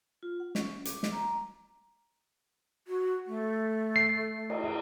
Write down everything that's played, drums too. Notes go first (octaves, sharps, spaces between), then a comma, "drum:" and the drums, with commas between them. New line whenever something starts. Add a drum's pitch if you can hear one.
F4
F#5
C#4, drum: snare
D6, drum: hi-hat
drum: snare
A#5
F#4
A3
C7
drum: cymbal